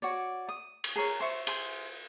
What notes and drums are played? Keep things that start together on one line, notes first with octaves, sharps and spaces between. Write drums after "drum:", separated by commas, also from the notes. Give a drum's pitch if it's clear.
F#4 C#5 D5
D#6
drum: cymbal
G#4 A#4 C#5
C5 E5 C#6
G#4 C5 E5, drum: cymbal